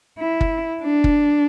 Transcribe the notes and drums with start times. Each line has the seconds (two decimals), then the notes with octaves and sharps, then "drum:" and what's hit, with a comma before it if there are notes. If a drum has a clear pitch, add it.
0.19 E4
0.41 drum: kick
0.83 D4
1.04 drum: kick